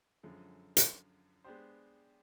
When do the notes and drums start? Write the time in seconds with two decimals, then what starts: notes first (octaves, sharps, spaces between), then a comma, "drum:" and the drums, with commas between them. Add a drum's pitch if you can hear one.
0.23 F#2 D3 F3 G#3
0.77 drum: hi-hat
1.44 G#3 B3 D4 G4 C5